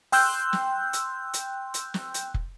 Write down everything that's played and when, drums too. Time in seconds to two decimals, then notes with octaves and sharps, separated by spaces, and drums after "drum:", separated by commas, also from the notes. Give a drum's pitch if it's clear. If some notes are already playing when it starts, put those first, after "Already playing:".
0.12 G5 C6 E6 F#6 G6, drum: open hi-hat
0.53 drum: snare
0.93 drum: hi-hat
1.33 drum: hi-hat
1.74 drum: hi-hat
1.94 drum: snare
2.14 drum: hi-hat
2.34 drum: kick F1